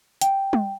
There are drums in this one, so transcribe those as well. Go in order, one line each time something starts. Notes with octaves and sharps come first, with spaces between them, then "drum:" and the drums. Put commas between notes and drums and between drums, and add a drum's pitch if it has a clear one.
G5, drum: hi-hat
drum: tom